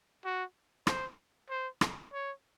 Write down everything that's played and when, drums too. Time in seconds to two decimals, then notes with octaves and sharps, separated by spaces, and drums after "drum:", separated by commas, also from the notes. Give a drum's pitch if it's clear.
0.25 F#4
0.87 C5, drum: rim click
1.49 C5
1.81 drum: rim click
2.13 C#5